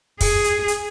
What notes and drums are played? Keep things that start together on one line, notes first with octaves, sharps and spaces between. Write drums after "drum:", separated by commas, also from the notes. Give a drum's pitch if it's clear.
G#4, drum: kick, open hi-hat
drum: hi-hat
drum: hi-hat